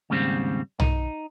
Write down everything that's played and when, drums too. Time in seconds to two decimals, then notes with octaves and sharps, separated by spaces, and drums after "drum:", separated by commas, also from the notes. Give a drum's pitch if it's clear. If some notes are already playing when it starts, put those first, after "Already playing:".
0.10 D#2 G#2 C#3 G3 C4
0.80 D#4, drum: tom